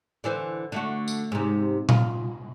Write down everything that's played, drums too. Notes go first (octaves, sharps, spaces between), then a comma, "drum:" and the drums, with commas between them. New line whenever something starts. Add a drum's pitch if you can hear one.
D3 E3 C5
D3 A3 F#4
drum: tambourine
G#2 C3
F4, drum: tom A#2